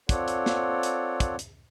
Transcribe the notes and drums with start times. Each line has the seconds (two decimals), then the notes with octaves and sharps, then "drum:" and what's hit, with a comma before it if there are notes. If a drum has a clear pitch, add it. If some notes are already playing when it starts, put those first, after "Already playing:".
0.09 C4 F4 A4 C#5 D5 F#5, drum: kick, hi-hat
0.28 drum: hi-hat
0.46 drum: snare
0.83 drum: hi-hat
1.20 drum: kick, hi-hat
1.39 drum: hi-hat